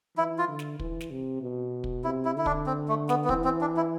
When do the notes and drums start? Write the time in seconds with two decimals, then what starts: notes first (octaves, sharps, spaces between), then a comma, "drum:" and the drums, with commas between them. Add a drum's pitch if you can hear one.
0.17 E3 E4
0.38 F4
0.48 D3
0.59 drum: snare
0.79 E3, drum: kick
1.01 drum: snare
1.11 C3
1.42 B2
1.84 drum: kick
2.04 C3 E4
2.25 E4
2.36 D3 E4
2.46 D4, drum: kick
2.66 C4
2.88 A3
3.09 B3, drum: snare
3.25 B3
3.29 E3 C4, drum: kick
3.44 C4
3.61 D4
3.77 E4